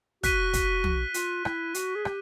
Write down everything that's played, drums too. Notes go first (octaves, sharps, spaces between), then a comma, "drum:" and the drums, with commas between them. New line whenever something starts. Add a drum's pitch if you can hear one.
F#4 F#6 B6 D#7 G7, drum: kick, hi-hat
drum: kick, hi-hat
drum: tom
F4, drum: hi-hat
E4, drum: rim click
F#4, drum: hi-hat
G#4
G4, drum: rim click